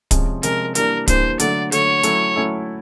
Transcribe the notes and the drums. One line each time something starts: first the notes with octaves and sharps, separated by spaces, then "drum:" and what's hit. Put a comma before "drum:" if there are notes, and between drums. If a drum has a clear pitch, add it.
C3 F3 G#3 C#4, drum: kick, hi-hat
C3 F3 G#3 C#4 A#4, drum: hi-hat
E3 G3 A#3 D4 A#4, drum: hi-hat
E3 G3 A#3 D4 C5, drum: kick, hi-hat
D3 F#3 A3 D5, drum: hi-hat
D3 F#3 A3 C#5, drum: hi-hat
F#3 A3 C#4 E4 A4, drum: hi-hat
F#3 A3 C#4 E4 A4